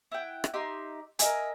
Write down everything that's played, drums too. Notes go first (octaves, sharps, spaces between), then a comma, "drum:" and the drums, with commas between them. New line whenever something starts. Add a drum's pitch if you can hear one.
E4 F#5 G5
drum: rim click
D#4 G4 E5 C6
A#4 D#5 E5 G#5, drum: hi-hat